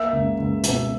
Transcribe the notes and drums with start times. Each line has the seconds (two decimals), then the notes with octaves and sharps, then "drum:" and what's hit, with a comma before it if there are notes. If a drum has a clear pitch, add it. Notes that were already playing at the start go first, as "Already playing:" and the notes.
Already playing: A#3 E5 E6
0.12 C#2
0.38 C#2
0.63 B2, drum: hi-hat